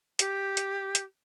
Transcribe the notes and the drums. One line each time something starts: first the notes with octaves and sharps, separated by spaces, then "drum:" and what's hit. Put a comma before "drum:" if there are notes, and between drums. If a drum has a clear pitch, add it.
G4, drum: hi-hat
drum: hi-hat
drum: hi-hat